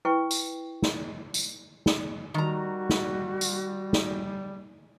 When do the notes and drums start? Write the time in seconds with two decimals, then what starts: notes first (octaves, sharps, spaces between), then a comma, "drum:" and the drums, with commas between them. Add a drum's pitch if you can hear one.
0.05 E4 B4 G5 C#6
0.31 drum: tambourine
0.82 drum: snare
1.34 drum: tambourine
1.86 drum: snare
2.34 D#3 G3 F#4 A#5
2.89 drum: snare
3.41 drum: tambourine
3.93 drum: snare